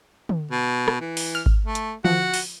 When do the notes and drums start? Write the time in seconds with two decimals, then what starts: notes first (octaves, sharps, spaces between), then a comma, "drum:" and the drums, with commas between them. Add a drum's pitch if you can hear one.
0.29 drum: tom
0.51 B2
0.88 drum: rim click
1.01 E3
1.17 drum: open hi-hat
1.35 F6
1.46 drum: kick G#1
1.65 A3
1.75 drum: hi-hat
2.04 F3 F#4, drum: tom
2.34 drum: open hi-hat